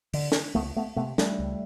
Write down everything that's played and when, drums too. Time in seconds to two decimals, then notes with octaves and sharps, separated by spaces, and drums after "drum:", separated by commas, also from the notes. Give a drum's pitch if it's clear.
0.14 D3, drum: open hi-hat
0.32 drum: snare
0.55 C#2 A3 B3
0.76 A3 B3
0.96 C3 A3 B3
1.18 G3 A3, drum: snare
1.39 C#2